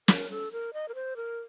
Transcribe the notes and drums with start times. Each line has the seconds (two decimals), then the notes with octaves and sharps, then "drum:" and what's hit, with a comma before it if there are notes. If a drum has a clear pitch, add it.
0.08 A#4, drum: snare
0.31 A4
0.52 A#4
0.73 D#5
0.89 A#4
0.95 C5
1.17 A#4